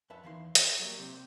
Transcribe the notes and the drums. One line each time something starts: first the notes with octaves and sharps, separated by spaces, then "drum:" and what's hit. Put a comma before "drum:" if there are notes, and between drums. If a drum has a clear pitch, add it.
F2 C#4 B4 E5 A5 B5
E2 D#3 E3 E4 F5 C6
B4 C5 D#5 E5, drum: hi-hat
F#3 G3 A3 A#3
C2 C3 C4 G4 C5